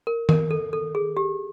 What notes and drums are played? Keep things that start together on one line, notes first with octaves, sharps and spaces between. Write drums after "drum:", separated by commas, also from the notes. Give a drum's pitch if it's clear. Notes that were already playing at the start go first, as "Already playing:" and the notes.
A#4
A#4, drum: tom D#3
A4
A4
G#4
G4